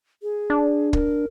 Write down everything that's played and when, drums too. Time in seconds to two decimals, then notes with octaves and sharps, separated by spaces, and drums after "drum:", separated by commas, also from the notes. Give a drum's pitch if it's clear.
0.23 G#4
0.50 D4
0.93 A#4, drum: kick